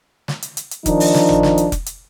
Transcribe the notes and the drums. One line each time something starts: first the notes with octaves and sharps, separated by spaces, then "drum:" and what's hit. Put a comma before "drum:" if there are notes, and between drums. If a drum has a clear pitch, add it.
drum: snare
drum: hi-hat
drum: hi-hat
drum: hi-hat
D#3 F3 D4 D#4, drum: kick F1, hi-hat
drum: open hi-hat
drum: snare
drum: tom
drum: snare
drum: hi-hat
drum: kick F1, hi-hat
drum: hi-hat